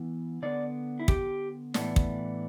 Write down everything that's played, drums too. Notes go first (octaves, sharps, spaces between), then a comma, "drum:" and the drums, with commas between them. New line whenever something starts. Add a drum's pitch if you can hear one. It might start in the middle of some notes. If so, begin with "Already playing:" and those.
Already playing: E3 B3 E4
D3 B3 D4 D5
E4
G4, drum: kick
A2 E3 B3 D4, drum: snare
drum: kick